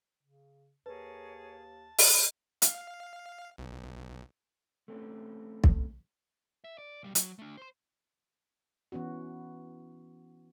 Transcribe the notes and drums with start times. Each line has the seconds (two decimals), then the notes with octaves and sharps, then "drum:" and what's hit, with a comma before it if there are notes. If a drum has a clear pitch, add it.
0.23 C#3
0.86 D#2 G#4 A#4 B4 C#5 A5
1.98 drum: open hi-hat
2.62 F5, drum: hi-hat
3.58 B1
4.88 A3 C4 C#4
5.64 drum: kick
6.64 E5
6.78 D5
7.03 B1 G3
7.15 F#3, drum: hi-hat
7.39 A3 D4
7.57 C5 C6
8.92 E3 B3 C#4 F#4